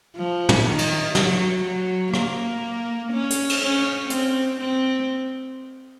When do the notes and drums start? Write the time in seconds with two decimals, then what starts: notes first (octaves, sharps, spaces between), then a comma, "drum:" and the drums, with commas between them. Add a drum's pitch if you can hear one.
0.17 F3
0.49 drum: tom
0.66 D#3
0.78 drum: cymbal
1.15 F#3, drum: snare
1.64 F#3
2.14 A#3, drum: rim click
3.12 C#4
3.30 drum: hi-hat
3.49 drum: cymbal
3.62 C#4
4.10 C4, drum: hi-hat
4.60 C4